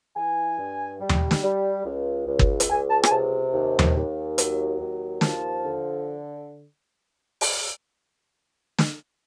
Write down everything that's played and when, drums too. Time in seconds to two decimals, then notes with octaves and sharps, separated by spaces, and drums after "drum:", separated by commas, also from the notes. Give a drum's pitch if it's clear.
0.16 E3 G#5
0.58 G2
1.00 G3
1.09 drum: tom D#2
1.31 drum: snare
1.43 G3
1.85 C#2
2.27 C#2
2.39 drum: kick
2.60 drum: hi-hat
2.69 C#2 G#5
2.90 A5
3.03 G#5, drum: rim click
3.10 C3 A5
3.53 D#2
3.79 drum: tom D#2
3.96 D#2
4.38 F#3, drum: hi-hat
4.79 D#2
5.21 F3 A5, drum: snare
5.64 D3
7.41 drum: open hi-hat
8.78 drum: snare